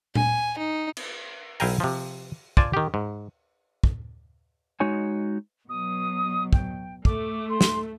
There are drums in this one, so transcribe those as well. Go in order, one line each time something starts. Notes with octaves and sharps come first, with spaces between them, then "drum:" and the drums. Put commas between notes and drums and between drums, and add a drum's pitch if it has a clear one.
G#5, drum: tom A#2
D#4
drum: cymbal
B1 E4 F5 G5 G#5 A#5, drum: open hi-hat
C3 F3
F4 C5 D5 G#5 A5, drum: kick
D#3 G4
G#2
drum: kick
G#3 D#4 F#4 C#5 G#5
B2 F#3 D#6
G5, drum: kick
A3 D6, drum: kick
C6
drum: snare